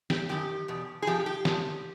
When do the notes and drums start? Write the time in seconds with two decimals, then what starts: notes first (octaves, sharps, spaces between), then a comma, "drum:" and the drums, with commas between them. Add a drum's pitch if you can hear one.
0.10 G4, drum: snare
0.29 F#2 D#3 G4
0.68 E2 B2
1.02 G#4
1.07 F2 C3 F3 G4
1.26 G4
1.45 F2 D3 F3, drum: snare